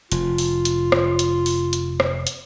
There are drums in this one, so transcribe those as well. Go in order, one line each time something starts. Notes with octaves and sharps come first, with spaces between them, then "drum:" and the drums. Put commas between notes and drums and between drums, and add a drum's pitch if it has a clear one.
F1 F4, drum: hi-hat
drum: open hi-hat
drum: hi-hat
drum: rim click
drum: hi-hat
drum: open hi-hat
drum: hi-hat
drum: rim click
drum: hi-hat